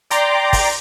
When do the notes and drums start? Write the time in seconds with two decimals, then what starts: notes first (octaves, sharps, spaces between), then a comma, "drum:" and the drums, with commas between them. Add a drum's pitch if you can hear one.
0.11 D5 G5 A#5 C6 D6, drum: hi-hat
0.53 drum: kick, open hi-hat